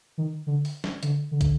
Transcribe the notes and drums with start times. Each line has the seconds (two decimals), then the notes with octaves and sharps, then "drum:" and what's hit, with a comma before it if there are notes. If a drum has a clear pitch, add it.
0.18 D#3
0.47 D3
0.65 drum: open hi-hat
0.84 drum: snare
1.03 D3, drum: hi-hat
1.31 D3
1.41 drum: kick, hi-hat